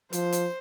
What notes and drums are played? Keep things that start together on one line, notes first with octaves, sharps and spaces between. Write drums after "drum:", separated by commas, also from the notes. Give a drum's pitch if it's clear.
F3 C5, drum: hi-hat
drum: hi-hat